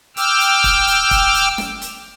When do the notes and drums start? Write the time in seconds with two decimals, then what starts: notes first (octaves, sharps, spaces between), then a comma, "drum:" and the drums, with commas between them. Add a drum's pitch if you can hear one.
0.17 G5 D6 E6 F6, drum: hi-hat
0.40 drum: hi-hat
0.64 drum: kick, hi-hat
0.87 drum: hi-hat
1.11 drum: kick, hi-hat
1.35 drum: hi-hat
1.58 drum: snare
1.82 drum: hi-hat